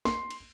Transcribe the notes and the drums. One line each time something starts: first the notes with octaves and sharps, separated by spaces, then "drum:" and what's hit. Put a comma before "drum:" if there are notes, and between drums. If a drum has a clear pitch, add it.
C6, drum: snare
drum: cymbal